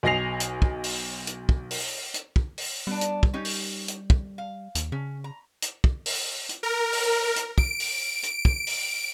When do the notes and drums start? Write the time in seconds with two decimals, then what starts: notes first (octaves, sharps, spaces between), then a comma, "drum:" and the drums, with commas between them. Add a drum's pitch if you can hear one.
0.03 B1 D#5 G#5 A#6 C7 F7
0.40 drum: hi-hat
0.62 drum: kick
0.84 drum: open hi-hat
1.27 drum: hi-hat
1.49 drum: kick
1.71 drum: open hi-hat
2.14 drum: hi-hat
2.36 drum: kick
2.58 drum: open hi-hat
2.87 G3 B3 D4
3.01 drum: hi-hat
3.23 drum: kick
3.33 C#4 D#4 G4
3.45 drum: open hi-hat
3.88 drum: hi-hat
4.10 drum: kick
4.38 F5
4.75 D#2, drum: hi-hat
4.92 C#3 C#4
5.24 A#5
5.62 drum: hi-hat
5.84 drum: kick
6.06 drum: open hi-hat
6.49 drum: hi-hat
6.63 A#4
6.93 drum: open hi-hat
7.36 drum: hi-hat
7.58 D7, drum: kick
7.80 drum: open hi-hat
8.23 drum: hi-hat
8.45 drum: kick
8.67 drum: open hi-hat